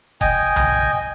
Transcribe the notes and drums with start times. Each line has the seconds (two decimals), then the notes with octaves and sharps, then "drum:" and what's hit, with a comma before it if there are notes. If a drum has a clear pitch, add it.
0.21 D#5 G5 G#5, drum: kick F#1
0.56 drum: tom B1